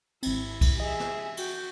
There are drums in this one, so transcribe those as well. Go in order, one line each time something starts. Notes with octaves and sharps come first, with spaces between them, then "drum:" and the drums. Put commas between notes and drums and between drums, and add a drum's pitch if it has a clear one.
G#1 C4 E4, drum: cymbal
drum: kick, cymbal
G#4 D#5 E5
drum: snare
F#4 G5, drum: cymbal